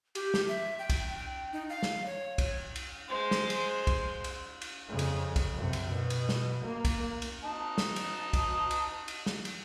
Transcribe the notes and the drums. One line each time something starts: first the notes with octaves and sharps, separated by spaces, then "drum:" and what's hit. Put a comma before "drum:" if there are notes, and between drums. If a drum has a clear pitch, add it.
G4, drum: cymbal
drum: snare
E5
G5
drum: kick B1, cymbal
G5
D#4
F5
drum: snare
C#5
drum: kick B1, cymbal
drum: cymbal
G#3 C5
drum: snare
drum: cymbal
drum: kick B1, cymbal
drum: cymbal
drum: cymbal
F2 C#3
drum: cymbal
drum: kick B1, cymbal
F#2 C3
drum: cymbal
B2
drum: cymbal
drum: snare
A#3
drum: kick B1, cymbal
drum: cymbal
D#4 A5
drum: snare
drum: cymbal
drum: kick B1, cymbal
drum: cymbal
drum: cymbal
drum: snare
drum: cymbal